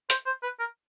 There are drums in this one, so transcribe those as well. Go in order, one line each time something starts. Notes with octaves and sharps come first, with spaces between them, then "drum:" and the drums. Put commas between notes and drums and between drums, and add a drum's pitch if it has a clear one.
C5, drum: hi-hat
C5
B4
A#4